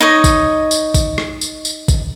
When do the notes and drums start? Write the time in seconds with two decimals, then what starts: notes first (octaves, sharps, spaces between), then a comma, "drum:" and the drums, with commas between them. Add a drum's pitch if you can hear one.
0.01 D#4 C#5 D#5
0.24 drum: kick, tambourine
0.71 drum: tambourine
0.94 drum: kick, tambourine
1.18 drum: rim click
1.41 drum: tambourine
1.65 drum: tambourine
1.88 drum: kick, tambourine